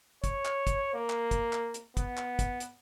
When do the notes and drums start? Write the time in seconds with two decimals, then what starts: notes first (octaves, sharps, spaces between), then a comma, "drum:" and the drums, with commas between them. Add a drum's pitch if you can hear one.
0.24 C#5, drum: kick, hi-hat
0.45 drum: clap
0.67 drum: kick, hi-hat
0.94 A#3
1.10 drum: clap
1.31 drum: kick, hi-hat
1.53 drum: clap
1.74 drum: hi-hat
1.97 B3, drum: kick, hi-hat
2.17 drum: clap
2.39 drum: kick, hi-hat
2.60 drum: hi-hat